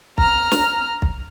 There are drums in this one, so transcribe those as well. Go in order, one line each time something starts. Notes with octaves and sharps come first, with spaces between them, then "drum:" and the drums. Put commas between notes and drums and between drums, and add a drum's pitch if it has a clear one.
A#5 F6, drum: kick
drum: snare
drum: kick